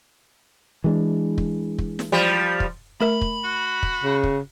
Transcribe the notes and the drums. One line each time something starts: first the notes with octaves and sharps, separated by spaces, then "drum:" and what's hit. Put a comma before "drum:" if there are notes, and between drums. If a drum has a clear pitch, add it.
E3 G#3 D4
drum: kick
drum: kick
drum: snare
F3 G3
drum: kick
A3 A#4 E5 B5
drum: kick
F#4
drum: kick
C#3
drum: kick